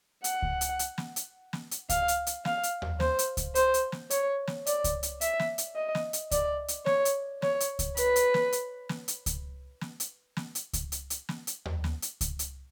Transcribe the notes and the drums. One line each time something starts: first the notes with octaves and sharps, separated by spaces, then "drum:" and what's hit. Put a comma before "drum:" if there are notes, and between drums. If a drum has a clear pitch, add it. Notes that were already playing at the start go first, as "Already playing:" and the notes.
F#5, drum: hi-hat
drum: kick C#2
drum: hi-hat
drum: hi-hat
drum: snare
drum: hi-hat
drum: snare
drum: hi-hat
F5, drum: kick C#2, hi-hat
drum: hi-hat
drum: hi-hat
F5, drum: snare
drum: hi-hat
drum: tom D#2
C5, drum: snare
drum: hi-hat
drum: kick C#2, hi-hat
C5, drum: hi-hat
drum: hi-hat
drum: snare
C#5, drum: hi-hat
drum: snare
D5, drum: hi-hat
drum: kick C#2, hi-hat
drum: hi-hat
E5, drum: hi-hat
drum: snare
drum: hi-hat
D#5
drum: snare
drum: hi-hat
D5, drum: kick C#2, hi-hat
drum: hi-hat
C#5, drum: snare
drum: hi-hat
C#5, drum: snare
drum: hi-hat
drum: kick C#2, hi-hat
B4, drum: hi-hat
drum: hi-hat
drum: snare
drum: hi-hat
drum: snare
drum: hi-hat
drum: kick C#2, hi-hat
drum: snare
drum: hi-hat
drum: snare
drum: hi-hat
drum: kick C#2, hi-hat
drum: hi-hat
drum: hi-hat
drum: snare
drum: hi-hat
drum: tom D#2
drum: snare
drum: hi-hat
drum: kick C#2, hi-hat
drum: hi-hat